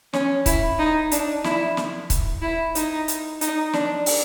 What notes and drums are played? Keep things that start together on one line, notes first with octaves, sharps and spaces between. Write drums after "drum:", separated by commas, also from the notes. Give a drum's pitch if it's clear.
C#4, drum: snare
E4, drum: kick C#1, hi-hat
D#4
D4, drum: hi-hat
E4, drum: snare
drum: snare
drum: kick C#1, hi-hat
E4
D#4, drum: hi-hat
drum: hi-hat
D#4, drum: hi-hat
D4, drum: snare
drum: open hi-hat